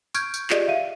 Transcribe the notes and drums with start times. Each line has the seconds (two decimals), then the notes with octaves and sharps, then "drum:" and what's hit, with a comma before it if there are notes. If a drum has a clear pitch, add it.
0.14 C#6 F6 G6 G#6 D7, drum: tambourine
0.34 drum: tambourine
0.50 F4 G4 G#4 D5 D#5, drum: clap
0.68 E5 F5 D#7